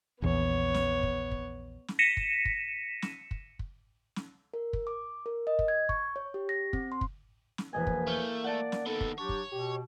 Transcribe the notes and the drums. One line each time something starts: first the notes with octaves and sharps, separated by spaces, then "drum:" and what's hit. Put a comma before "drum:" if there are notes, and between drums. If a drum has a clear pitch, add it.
A#1 E2 B3 C#5
drum: snare
drum: kick
drum: kick
drum: snare
A#6 B6 C#7 D#7 E7
drum: kick
drum: kick
drum: snare
drum: kick
drum: kick
drum: snare
A#4
drum: kick
D6
A#4
D#5
drum: kick
G#6
C#6, drum: kick
C#5
G4
A#6
C4, drum: kick
C6
drum: kick
drum: snare
E1 F3 A#3 B4 D#5 G#5
drum: kick
A3 F6 G6
D5 F#5 A5
drum: snare
D#3 B3 A4
drum: kick
F#3 D4 G4 C#5
drum: kick
B2 G4